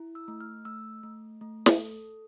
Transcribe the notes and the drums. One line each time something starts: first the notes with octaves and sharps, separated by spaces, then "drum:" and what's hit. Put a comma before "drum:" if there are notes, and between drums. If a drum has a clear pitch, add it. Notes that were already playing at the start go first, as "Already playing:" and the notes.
Already playing: E4
E6
A3
F6
A3 E6
A3
A3
drum: snare
A4